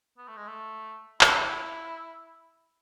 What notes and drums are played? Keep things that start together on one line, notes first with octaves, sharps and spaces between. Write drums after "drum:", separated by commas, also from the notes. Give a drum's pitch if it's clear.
B3
A3
G#3
A3
E4, drum: clap